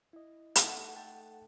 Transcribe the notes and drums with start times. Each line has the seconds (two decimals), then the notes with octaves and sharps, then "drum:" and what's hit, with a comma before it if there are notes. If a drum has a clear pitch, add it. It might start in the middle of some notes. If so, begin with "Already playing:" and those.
0.13 E4 D#5
0.55 A3 D#4 F#5, drum: hi-hat
0.95 A4 G5 A5